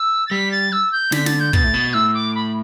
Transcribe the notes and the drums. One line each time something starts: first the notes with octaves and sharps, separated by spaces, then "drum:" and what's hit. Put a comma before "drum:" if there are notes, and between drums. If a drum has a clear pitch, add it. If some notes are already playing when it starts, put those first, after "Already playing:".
Already playing: E6
A6
G3 B6
A6
E6
G6
D3 B6, drum: snare
A6, drum: snare
G6
B2 A6, drum: kick
A2
B2
A2 E6
D6
B5